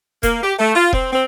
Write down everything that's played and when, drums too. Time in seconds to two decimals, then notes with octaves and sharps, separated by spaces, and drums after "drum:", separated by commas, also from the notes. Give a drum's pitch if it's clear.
0.23 A#3, drum: kick E1, hi-hat
0.43 G4
0.59 A3
0.75 F4
0.93 C4, drum: kick E1
1.12 C4